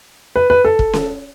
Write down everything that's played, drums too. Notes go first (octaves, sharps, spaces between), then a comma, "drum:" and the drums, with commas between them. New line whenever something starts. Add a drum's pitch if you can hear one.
B4
B4
A4
drum: kick
drum: snare C#4